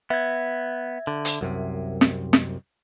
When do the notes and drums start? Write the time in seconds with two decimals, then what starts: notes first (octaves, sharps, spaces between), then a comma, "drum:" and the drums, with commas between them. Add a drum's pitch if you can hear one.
0.10 B3 E5 G#6
1.07 D3
1.25 drum: hi-hat
1.41 C2 F#2 C3
2.01 drum: snare
2.33 drum: snare